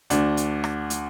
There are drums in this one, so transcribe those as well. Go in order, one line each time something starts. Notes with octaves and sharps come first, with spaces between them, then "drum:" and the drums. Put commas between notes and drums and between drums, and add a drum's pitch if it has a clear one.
D2 D4, drum: hi-hat
drum: hi-hat
drum: rim click
drum: hi-hat